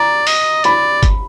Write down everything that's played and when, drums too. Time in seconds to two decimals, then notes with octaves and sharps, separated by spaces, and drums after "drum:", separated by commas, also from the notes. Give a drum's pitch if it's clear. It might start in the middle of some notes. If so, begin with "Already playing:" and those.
Already playing: D5 A#5
0.27 D#5, drum: open hi-hat
0.64 D5 B5, drum: hi-hat
1.03 drum: kick G1, hi-hat